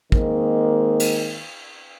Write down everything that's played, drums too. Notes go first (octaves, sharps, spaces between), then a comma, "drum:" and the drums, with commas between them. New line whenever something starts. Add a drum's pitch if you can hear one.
D#3 G#3 A#3 C4, drum: kick
drum: cymbal